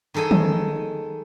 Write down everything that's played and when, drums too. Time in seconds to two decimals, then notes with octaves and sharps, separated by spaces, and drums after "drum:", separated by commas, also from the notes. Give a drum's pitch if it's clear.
0.14 D#3 G#3 A4 D#5 G#5
0.31 drum: tom